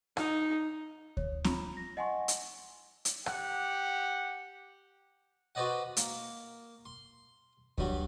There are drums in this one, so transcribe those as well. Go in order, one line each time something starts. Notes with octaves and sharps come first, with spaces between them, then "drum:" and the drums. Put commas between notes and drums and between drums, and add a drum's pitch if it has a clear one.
D#4, drum: rim click
C#5, drum: kick D2
F4 A#5 B5, drum: snare C4
A#6
D#5 F#5 G#5 A5 C6 C#6
drum: hi-hat
drum: hi-hat
G4 F#5, drum: rim click
F#4 B4 C5 D5 D#5 F#5
A#3, drum: hi-hat
C6
G2 F#3 G3, drum: kick D2